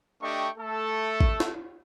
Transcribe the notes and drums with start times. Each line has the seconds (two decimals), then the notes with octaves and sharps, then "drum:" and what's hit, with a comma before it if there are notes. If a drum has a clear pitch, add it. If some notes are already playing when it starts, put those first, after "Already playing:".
0.22 A3 D4 G4 D#5 G5 C#6
0.58 A3 A4
1.21 drum: kick
1.40 drum: snare